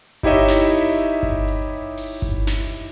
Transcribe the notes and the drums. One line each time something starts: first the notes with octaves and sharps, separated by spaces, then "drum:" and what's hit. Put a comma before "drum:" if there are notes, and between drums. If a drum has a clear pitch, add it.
D#4 E4 G4 C#5 D#5 E5, drum: kick G1
drum: snare
drum: hi-hat
drum: kick G1
drum: hi-hat
drum: open hi-hat
drum: kick G1
drum: snare